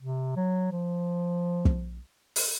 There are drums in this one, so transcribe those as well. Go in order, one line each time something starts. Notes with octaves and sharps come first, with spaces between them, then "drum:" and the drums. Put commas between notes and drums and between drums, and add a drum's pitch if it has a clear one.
C3
F#3
F3
drum: kick
drum: open hi-hat